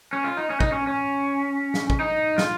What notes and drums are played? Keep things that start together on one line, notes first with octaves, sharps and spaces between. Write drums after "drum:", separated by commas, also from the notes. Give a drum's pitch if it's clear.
C#4
F4
D#4
C#4
D#4, drum: kick A1
C#4
C#4
drum: snare
drum: kick A1
D#4
F4, drum: snare